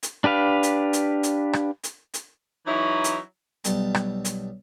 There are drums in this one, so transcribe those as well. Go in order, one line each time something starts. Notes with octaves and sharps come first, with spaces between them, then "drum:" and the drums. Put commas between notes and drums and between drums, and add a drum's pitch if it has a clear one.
drum: hi-hat
D4 G4 B4 F5
drum: hi-hat
drum: hi-hat
drum: hi-hat
drum: rim click
drum: hi-hat
drum: hi-hat
E3 F#3 C#4 D#4 E4
drum: hi-hat
B1 G3 A5, drum: hi-hat
drum: rim click
drum: hi-hat